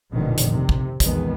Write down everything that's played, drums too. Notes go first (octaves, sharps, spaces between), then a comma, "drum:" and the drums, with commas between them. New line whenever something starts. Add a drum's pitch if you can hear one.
F1 A#1 B2 D3 D#3
drum: hi-hat
C3
drum: kick
A#1 E2 D#3 G#3 B3, drum: kick, hi-hat